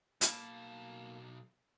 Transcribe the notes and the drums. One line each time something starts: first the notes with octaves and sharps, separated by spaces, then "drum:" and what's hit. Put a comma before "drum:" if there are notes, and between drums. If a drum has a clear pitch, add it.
B1 A#3 A5 B5, drum: hi-hat